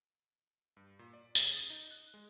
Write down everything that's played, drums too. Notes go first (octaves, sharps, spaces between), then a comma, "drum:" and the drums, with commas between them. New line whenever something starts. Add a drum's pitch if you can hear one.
G2
A#2
D5
C#3, drum: tambourine
D#6
D#4
F#6
G#3